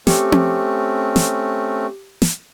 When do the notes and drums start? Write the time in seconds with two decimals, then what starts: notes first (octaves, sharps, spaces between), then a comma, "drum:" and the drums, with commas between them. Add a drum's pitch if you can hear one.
0.07 A3 C4 C#4 G4, drum: snare
0.32 drum: tom C4
1.16 drum: snare
2.22 drum: snare